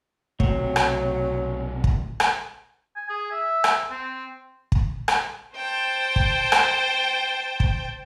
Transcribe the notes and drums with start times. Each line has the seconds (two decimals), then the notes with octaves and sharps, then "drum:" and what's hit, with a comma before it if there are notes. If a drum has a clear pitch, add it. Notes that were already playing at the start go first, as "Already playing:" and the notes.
0.40 B1 C3 F#3 A3, drum: kick
0.76 drum: rim click
1.84 drum: kick
2.20 drum: rim click
2.96 G#5
3.09 G#4
3.31 E5
3.64 drum: rim click
3.90 C4
4.72 drum: kick
5.08 drum: rim click
5.54 C5 G5 A5
6.16 drum: kick
6.52 drum: rim click
7.60 drum: kick